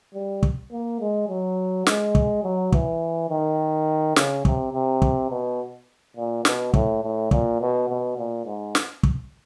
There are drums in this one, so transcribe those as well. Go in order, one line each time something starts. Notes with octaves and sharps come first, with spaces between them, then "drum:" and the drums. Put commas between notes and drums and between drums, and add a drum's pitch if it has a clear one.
G3
drum: kick
A#3
G#3
F#3
G#3, drum: snare
drum: kick
F#3
E3, drum: kick
D#3
C#3, drum: snare
C3, drum: kick
C3
drum: kick
B2
A#2
B2, drum: snare
A2, drum: kick
A2
A#2, drum: kick
B2
B2
A#2
G#2
drum: snare
drum: kick